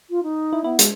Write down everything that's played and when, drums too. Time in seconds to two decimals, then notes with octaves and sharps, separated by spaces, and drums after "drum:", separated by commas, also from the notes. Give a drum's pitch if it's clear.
0.10 F4
0.23 D#4
0.53 E4
0.64 B3 E4
0.79 G#3, drum: hi-hat